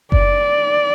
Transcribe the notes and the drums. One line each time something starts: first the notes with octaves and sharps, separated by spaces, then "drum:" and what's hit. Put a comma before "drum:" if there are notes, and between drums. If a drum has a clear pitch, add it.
D5, drum: kick F#1